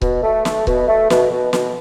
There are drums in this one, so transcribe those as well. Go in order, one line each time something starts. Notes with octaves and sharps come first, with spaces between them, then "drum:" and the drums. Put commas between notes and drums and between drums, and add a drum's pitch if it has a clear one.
B2, drum: kick C#1
A3
A3, drum: snare
B2, drum: kick C#1
A3
B2, drum: snare
B2
B2, drum: snare